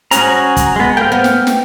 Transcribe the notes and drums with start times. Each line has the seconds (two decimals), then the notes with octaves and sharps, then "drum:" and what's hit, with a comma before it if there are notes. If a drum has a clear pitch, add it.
0.11 C#4 F#4 G#4 A#5, drum: hi-hat
0.56 drum: kick, hi-hat
0.76 G#3 B3
0.97 A#3 G5 F6
1.12 B3
1.24 drum: snare
1.47 drum: snare